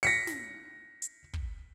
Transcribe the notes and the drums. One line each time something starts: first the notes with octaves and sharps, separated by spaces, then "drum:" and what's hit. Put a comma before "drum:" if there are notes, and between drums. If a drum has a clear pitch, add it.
A#6 B6 C#7, drum: open hi-hat
drum: snare
drum: hi-hat
drum: kick